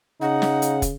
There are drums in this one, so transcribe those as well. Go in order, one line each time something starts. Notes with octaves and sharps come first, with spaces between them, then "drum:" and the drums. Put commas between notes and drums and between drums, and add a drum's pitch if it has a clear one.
C#3 D#4 F#5
drum: snare
drum: hi-hat
drum: kick, hi-hat